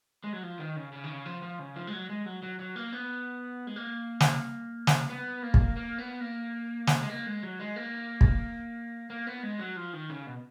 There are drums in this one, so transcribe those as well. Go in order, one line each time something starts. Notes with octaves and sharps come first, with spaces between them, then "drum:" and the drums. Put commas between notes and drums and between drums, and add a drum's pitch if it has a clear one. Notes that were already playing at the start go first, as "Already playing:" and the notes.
G#3
F#3
F3
D#3
C#3
C#3
D#3
C#3
F3
F3
C#3
F3
G#3
F#3
G#3
F#3
F#3
F#3
A#3
B3
G#3
A#3
drum: snare
drum: snare
B3
A#3
drum: kick
A#3
B3
A#3
drum: snare
G#3
A#3
G#3
F#3
G#3
A#3
drum: kick
A#3
B3
G#3
F#3
F3
D#3
C#3
B2